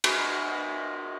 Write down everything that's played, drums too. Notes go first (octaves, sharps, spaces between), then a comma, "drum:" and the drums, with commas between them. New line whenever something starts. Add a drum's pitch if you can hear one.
F#4 G#4 A#4 B4, drum: cymbal